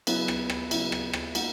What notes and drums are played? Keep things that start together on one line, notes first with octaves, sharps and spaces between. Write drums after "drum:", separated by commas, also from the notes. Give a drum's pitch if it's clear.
C#3 F#3 B3 E4, drum: cymbal
drum: rim click
drum: rim click
C#3 F#3 B3 E4, drum: cymbal
drum: rim click
drum: rim click
G3 A#3 D#4 F#4, drum: cymbal